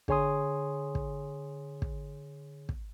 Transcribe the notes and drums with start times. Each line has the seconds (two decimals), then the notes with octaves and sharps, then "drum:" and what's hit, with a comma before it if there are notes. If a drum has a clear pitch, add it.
0.08 D3 G#4 C#5 G#5 C6 D#6, drum: kick
0.95 drum: kick
1.82 drum: kick
2.69 drum: kick